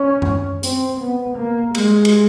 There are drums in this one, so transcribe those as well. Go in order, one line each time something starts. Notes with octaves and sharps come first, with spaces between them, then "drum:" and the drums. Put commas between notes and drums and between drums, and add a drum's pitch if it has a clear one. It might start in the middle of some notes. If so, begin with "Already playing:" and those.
Already playing: C#4
drum: tom F#2
C4, drum: hi-hat
B3
A#3
G#3, drum: cymbal
drum: cymbal